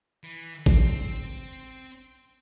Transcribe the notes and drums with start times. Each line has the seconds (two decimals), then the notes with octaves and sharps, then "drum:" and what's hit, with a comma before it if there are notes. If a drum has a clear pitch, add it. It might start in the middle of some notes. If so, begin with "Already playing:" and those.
0.23 E3
0.66 C4, drum: kick G#1